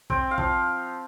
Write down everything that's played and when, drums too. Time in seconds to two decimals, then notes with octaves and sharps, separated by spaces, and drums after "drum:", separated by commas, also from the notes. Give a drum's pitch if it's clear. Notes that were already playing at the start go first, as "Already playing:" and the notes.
0.10 C4 G5, drum: kick A1
0.31 F5
0.38 F3, drum: kick A1